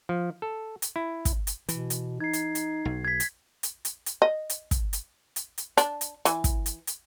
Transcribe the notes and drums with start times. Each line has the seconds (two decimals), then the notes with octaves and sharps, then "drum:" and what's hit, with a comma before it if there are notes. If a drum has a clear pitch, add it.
0.09 F3
0.42 A4
0.82 drum: hi-hat
0.96 E4
1.25 drum: kick, hi-hat
1.47 drum: hi-hat
1.69 B2 E3, drum: hi-hat
1.90 drum: hi-hat
2.20 D#4 G#6 C7
2.33 drum: hi-hat
2.55 drum: hi-hat
2.85 B1
3.05 G#6 B6
3.20 drum: hi-hat
3.63 drum: hi-hat
3.85 drum: hi-hat
4.06 drum: hi-hat
4.22 D#5
4.50 drum: hi-hat
4.71 drum: kick, hi-hat
4.93 drum: hi-hat
5.36 drum: hi-hat
5.58 drum: hi-hat
5.78 D4, drum: hi-hat
6.01 drum: hi-hat
6.25 E3, drum: hi-hat
6.44 drum: kick, hi-hat
6.66 drum: hi-hat
6.87 drum: hi-hat